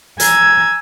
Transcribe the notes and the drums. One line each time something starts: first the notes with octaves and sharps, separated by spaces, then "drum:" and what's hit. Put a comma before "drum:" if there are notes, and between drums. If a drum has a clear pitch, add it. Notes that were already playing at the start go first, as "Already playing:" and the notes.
G#5 A#5 E6 G#6, drum: hi-hat